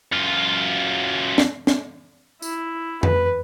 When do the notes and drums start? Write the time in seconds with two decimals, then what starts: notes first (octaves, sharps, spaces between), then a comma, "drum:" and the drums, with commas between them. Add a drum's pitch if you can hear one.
0.12 F#2 F4
1.38 drum: snare
1.67 drum: snare
2.42 E4, drum: tambourine
3.03 B4, drum: tom F2